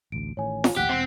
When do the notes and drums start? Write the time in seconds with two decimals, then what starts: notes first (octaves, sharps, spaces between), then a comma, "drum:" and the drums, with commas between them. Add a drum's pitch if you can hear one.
0.12 A1 D2 D7
0.37 A1 A2 D#3 C#5 G#5
0.64 drum: snare
0.77 A#1 D#2 A2 G4 F#5 F#6 B6
0.89 E1 E2 C4